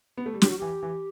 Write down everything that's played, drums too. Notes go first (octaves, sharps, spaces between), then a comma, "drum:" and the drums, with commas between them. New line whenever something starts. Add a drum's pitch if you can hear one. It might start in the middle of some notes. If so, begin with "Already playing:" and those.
B3
A3
G3
F#3 G4, drum: snare
F#4
E3 G4
E3